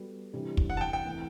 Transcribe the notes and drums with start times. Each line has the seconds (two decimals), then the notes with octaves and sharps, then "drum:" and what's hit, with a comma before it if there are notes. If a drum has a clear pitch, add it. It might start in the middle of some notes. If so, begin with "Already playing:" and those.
Already playing: G3 B3 F#4 A4
0.33 C3 E3 G3 D4 G4
0.57 drum: kick
0.70 F#5
0.77 A5
0.81 G5
0.93 G5
1.05 E3 A3 C4